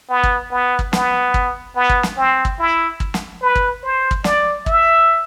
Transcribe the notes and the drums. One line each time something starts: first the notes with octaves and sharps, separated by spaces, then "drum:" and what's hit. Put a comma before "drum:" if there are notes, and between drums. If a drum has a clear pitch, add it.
B3
drum: kick
B3
drum: kick
B3, drum: snare
drum: kick
B3
drum: kick
drum: snare
C4
drum: kick
E4
drum: kick
drum: snare
B4
drum: kick
C5
drum: kick
D5, drum: snare
E5, drum: kick